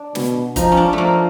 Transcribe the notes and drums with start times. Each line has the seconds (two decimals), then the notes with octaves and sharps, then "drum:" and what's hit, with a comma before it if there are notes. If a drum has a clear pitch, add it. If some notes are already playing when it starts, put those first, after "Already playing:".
Already playing: D4
0.15 B2, drum: snare
0.56 F3 D#4, drum: kick, hi-hat
0.72 C#4
0.77 D4
0.93 F3 A3 A#3